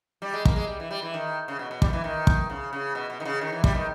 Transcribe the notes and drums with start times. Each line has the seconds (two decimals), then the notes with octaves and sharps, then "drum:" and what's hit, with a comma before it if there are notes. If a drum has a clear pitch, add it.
0.22 G3
0.33 G#3
0.45 A#3, drum: kick
0.56 G#3
0.67 G3
0.80 E3
0.91 G3
1.02 E3
1.14 D#3
1.48 C#3
1.59 B2
1.71 B2
1.82 G3, drum: kick
1.88 D#3
1.93 E3
2.04 D#3
2.27 drum: kick
2.50 C#3
2.73 C#3
2.95 B2
3.10 B2
3.20 D#3
3.25 C#3
3.41 D#3
3.53 E3
3.64 G3, drum: kick
3.74 D#3